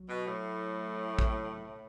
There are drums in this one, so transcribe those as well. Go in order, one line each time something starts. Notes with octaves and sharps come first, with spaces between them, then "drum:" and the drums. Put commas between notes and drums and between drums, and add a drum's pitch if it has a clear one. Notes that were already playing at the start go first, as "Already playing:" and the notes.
Already playing: F#3
B2
A2
drum: kick A1